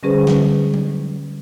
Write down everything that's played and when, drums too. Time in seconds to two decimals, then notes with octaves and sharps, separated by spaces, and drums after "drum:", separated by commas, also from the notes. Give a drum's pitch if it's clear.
0.03 D3 G3 C#4 G#4 B4 C5
0.27 drum: snare
0.74 drum: tom F#3